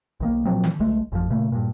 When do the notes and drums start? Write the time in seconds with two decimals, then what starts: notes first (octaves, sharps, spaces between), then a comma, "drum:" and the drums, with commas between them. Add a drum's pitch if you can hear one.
0.20 B1 D#3 A#3
0.45 A#2 F3 F#3 C4
0.63 drum: tom D3
0.80 B1 G#3 A3
1.12 G#1 F2 F3
1.30 A#2 C#3 A3
1.52 G2 A#2